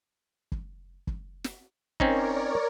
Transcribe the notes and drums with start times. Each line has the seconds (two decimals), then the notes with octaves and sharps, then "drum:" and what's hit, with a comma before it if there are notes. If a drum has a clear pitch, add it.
0.52 drum: kick
1.07 drum: kick
1.44 drum: snare
2.00 C4 C#4 D#4 A#4 C#5 D5, drum: kick